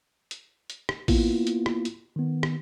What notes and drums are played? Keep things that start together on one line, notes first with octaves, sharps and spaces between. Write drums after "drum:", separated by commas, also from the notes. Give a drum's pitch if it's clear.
drum: hi-hat
drum: hi-hat
drum: rim click
A#3 B3 E4 F4, drum: kick A1, open hi-hat
drum: hi-hat
drum: rim click
drum: hi-hat
D#3 B3
drum: rim click